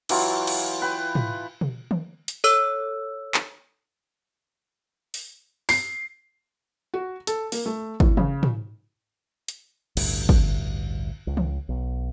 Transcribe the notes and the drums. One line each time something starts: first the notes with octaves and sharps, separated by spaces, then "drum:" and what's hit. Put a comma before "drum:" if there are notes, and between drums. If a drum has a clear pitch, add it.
E3 F#3 F4, drum: cymbal
drum: cymbal
B4 G5
drum: tom
drum: tom
drum: tom
drum: hi-hat
A4 C#5 E6, drum: tambourine
drum: clap
drum: open hi-hat
C7, drum: open hi-hat
F#4
A4, drum: hi-hat
A#3, drum: open hi-hat
A3
A2, drum: kick
C#3, drum: tom
drum: tom
drum: hi-hat
A1 D2 G2, drum: cymbal
drum: kick
C#2
drum: tom
B1